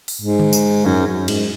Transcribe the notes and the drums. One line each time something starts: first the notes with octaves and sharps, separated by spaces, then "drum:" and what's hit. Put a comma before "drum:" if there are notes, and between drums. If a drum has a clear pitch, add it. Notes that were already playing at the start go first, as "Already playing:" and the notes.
drum: open hi-hat
G#2
drum: tom D3
drum: tambourine
F#2
F#2
G#2, drum: cymbal